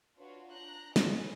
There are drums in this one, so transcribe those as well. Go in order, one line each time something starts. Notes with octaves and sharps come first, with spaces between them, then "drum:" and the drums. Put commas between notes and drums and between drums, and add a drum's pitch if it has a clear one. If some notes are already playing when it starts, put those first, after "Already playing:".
D4 F4 F#4 B4 C#5
D4 A#5 F#6 G6
A4 B4 C#5 D#5 G#5, drum: snare